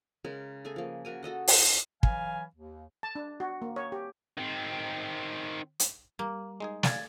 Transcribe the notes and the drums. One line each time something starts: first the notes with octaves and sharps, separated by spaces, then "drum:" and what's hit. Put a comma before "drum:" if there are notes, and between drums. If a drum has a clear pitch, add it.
C#3 G#3 A#4
A3 G#4 A4 G#5
F3 A#3
C#3 F#4 A#4 G#5
F#4 A4 D#5 F#5
drum: open hi-hat
E3 F#3 F5 G#5, drum: kick
D#2
A5
D4
F#4
A#3
C#5
G4
D#3 C4
drum: hi-hat
G3 A#3
G#3 D#4 G#4
D5 F5 G#5 G#6 A6, drum: snare